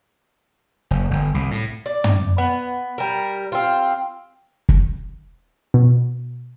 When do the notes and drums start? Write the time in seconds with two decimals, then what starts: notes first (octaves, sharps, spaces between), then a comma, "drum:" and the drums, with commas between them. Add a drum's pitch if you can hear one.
0.91 F#1
1.11 G1
1.34 C2
1.51 A2
1.86 D5
2.04 drum: tom
2.38 B3
2.98 G3 A#4
3.52 C4 F4
4.69 drum: kick
5.74 B2